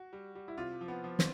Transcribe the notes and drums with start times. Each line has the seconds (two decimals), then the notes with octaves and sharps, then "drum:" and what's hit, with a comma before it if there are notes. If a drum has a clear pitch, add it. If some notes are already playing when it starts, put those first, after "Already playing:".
Already playing: F#4
0.13 G3
0.35 G3
0.48 E4
0.58 C3 F4
0.81 F3
0.88 B3
1.04 F3
1.19 C4, drum: snare